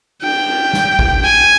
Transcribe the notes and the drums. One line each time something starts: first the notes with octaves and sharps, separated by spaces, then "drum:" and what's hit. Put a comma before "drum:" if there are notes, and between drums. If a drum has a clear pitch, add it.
G5, drum: cymbal
drum: cymbal
drum: snare
drum: kick G#1, cymbal
G#5